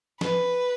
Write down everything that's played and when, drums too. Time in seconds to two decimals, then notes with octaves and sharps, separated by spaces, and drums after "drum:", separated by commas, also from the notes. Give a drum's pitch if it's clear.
0.21 B4, drum: snare